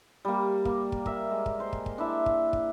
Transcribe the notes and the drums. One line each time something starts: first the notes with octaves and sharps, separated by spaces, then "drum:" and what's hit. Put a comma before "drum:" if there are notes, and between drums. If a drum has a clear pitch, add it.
G3 A#3
A#3, drum: kick
drum: kick
A#4 E5, drum: kick
G#3
drum: kick
C5
drum: kick
drum: kick
D4 E4 E5
drum: kick
drum: kick